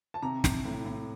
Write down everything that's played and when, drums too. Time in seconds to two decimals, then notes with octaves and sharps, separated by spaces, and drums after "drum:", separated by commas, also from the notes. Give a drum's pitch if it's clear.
0.14 A5
0.22 C3 A#5
0.44 C3, drum: snare
0.65 A2
0.85 A2